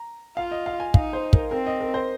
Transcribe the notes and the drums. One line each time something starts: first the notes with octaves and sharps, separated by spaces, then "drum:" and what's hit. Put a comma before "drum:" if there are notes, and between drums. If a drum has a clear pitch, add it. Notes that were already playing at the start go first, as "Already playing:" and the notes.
Already playing: A#5
F4 F5
D#5
F5
G#5
D#4 F5, drum: kick
C5
A#4, drum: kick
C4 A#4
D#5
A#4
C5